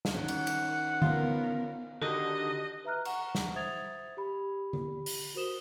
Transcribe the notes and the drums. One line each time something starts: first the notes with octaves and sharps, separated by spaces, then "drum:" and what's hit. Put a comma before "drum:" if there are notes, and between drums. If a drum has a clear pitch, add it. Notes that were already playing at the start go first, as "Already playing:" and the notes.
drum: snare
D#3 C#4 F#5
drum: cymbal
drum: cymbal
B3 F4 A#4, drum: tom D3
D3 D#3 F#4 G4 D#5
B4 E5 A#5 F6 F#6
F#5 A#5 C#6, drum: cymbal
drum: snare
C5 E5 D#6 G#6 A6 F7
G4 B5
drum: tom D3
drum: open hi-hat
F#4 A#4 C5 D#6 E7 G7